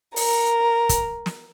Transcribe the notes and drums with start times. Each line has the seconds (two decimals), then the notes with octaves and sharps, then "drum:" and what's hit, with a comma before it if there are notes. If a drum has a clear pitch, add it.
0.16 A#4, drum: open hi-hat
0.89 drum: kick, hi-hat
1.26 drum: snare